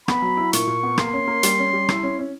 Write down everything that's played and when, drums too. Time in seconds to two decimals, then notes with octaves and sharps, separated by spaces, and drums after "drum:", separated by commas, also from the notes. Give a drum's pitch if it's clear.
0.08 B3 B5, drum: rim click
0.22 F#3
0.37 E4
0.53 A#2 C#6, drum: hi-hat
0.67 A#2
0.83 B3
0.98 A#3 C6, drum: rim click
1.13 C#4
1.28 A#3
1.43 G3, drum: hi-hat
1.59 C#4
1.73 G3
1.89 E4, drum: rim click
2.03 C#4
2.19 C#4